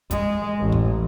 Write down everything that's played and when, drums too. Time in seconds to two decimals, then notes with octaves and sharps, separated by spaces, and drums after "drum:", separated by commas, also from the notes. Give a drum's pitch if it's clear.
0.11 G#3, drum: kick, hi-hat
0.60 A1
0.72 drum: kick